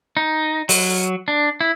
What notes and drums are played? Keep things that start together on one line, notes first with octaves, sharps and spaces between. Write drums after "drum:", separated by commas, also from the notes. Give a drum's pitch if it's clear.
D#4
F#3, drum: open hi-hat
D4
E4